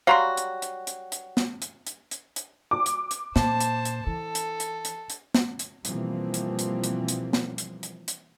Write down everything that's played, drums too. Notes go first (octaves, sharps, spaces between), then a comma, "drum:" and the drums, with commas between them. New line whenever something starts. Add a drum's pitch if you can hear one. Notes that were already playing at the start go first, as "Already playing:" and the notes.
F#3 G3 F#4 F5 A#5 C6
drum: hi-hat
drum: hi-hat
drum: hi-hat
drum: hi-hat
drum: snare
drum: hi-hat
drum: hi-hat
drum: hi-hat
drum: hi-hat
D6
drum: hi-hat
drum: hi-hat
A#2 C5 A5, drum: snare
drum: hi-hat
drum: hi-hat
E3 A4
drum: hi-hat
drum: hi-hat
drum: hi-hat
drum: hi-hat
drum: snare
drum: hi-hat
B2 E3 F3 G3 A#3 C4, drum: hi-hat
drum: hi-hat
drum: hi-hat
drum: hi-hat
drum: hi-hat
drum: snare
drum: hi-hat
drum: hi-hat
drum: hi-hat